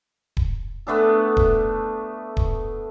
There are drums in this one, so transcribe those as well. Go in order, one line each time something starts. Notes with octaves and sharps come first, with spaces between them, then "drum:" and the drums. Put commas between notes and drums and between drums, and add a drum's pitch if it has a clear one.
drum: kick D#1
A3 B3 D4 A4
drum: kick D#1
drum: kick D#1